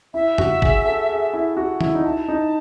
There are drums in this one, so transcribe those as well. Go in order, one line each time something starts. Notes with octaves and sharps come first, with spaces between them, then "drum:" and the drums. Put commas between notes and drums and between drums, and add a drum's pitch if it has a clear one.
E4 E5
F#4, drum: tom F2
G#4, drum: kick
A4
G#4
E4
F#4
E4, drum: tom D#3
D#4
E4 A5
D#4